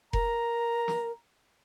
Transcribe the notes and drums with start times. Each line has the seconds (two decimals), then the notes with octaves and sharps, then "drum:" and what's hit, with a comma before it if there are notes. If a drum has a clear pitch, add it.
0.13 A#4 A#5, drum: kick F1
0.88 drum: snare